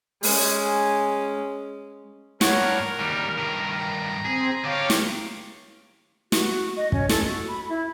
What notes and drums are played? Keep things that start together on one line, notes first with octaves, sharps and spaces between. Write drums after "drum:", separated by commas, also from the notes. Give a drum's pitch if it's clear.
G#3 C#4, drum: open hi-hat
G2 A#4 C#5 F#5 C#6, drum: snare
D#2 C#3 G3
G2 D#3 A#5
C4 G#4
D3 G4 C#5 F5
drum: snare
F#4, drum: snare
D#5
C#4, drum: kick
A4, drum: snare
F#4
B5
E4